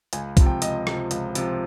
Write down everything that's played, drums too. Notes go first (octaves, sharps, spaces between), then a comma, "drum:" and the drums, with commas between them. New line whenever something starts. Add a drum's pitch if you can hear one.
C#2 G#5, drum: hi-hat
C3 F3, drum: kick B1, hi-hat
G5
C#2 D#5, drum: hi-hat
C3 F3, drum: rim click
C#2, drum: hi-hat
C3 F3, drum: hi-hat